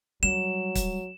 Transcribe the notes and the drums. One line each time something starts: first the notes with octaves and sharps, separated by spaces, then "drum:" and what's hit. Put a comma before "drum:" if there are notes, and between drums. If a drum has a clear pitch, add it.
F#3 G3 E7
drum: kick, hi-hat